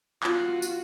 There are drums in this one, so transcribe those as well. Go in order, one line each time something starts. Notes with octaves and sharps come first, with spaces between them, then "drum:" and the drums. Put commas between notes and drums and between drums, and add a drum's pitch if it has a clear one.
F4 F#4, drum: clap
drum: tambourine